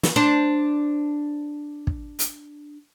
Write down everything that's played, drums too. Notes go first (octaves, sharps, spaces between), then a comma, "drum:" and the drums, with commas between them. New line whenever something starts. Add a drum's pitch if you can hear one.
drum: snare
D4 C5
drum: kick
drum: hi-hat